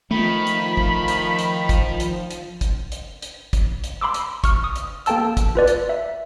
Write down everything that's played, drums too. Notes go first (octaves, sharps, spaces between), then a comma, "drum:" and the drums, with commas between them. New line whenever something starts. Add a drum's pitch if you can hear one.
D#3 F3 A3 B5
drum: hi-hat
drum: kick
drum: hi-hat
drum: hi-hat
drum: kick, hi-hat
drum: hi-hat
drum: hi-hat
drum: kick, hi-hat
drum: hi-hat
drum: hi-hat
drum: kick, hi-hat
drum: hi-hat
B5 C6 D6 E6
drum: hi-hat
C#6 F6, drum: kick, hi-hat
D#6
drum: hi-hat
A#3 A4 G5 A5 E6, drum: hi-hat
drum: kick, hi-hat
F4 B4 D5
drum: hi-hat
E5